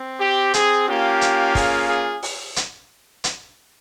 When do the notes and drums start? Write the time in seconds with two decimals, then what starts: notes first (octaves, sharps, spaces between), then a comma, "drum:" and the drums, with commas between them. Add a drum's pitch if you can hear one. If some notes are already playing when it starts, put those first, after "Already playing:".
Already playing: C4
0.20 G4
0.54 G#4, drum: hi-hat
0.88 A#3 C#4 F4 G4
1.21 drum: hi-hat
1.55 G#4, drum: kick, open hi-hat
1.89 G#4
2.23 drum: open hi-hat
2.56 drum: hi-hat
3.24 drum: hi-hat